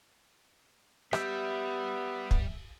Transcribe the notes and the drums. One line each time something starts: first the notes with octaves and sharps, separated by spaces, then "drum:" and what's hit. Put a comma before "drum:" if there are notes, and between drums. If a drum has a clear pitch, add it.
G3 B3 G4 E5, drum: rim click
drum: kick